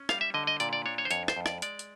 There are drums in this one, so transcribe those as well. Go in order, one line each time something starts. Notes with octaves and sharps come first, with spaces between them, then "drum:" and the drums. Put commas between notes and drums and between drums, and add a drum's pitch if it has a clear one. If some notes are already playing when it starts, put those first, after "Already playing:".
Already playing: C#4
G3 F5, drum: rim click
E5
D3 D#5
D#5
A#2 D5, drum: hi-hat
D5
D4 C#5
C#5
C5
F2 C#5, drum: hi-hat
C5, drum: rim click
F2
D5, drum: rim click
G#3 D5, drum: hi-hat
drum: hi-hat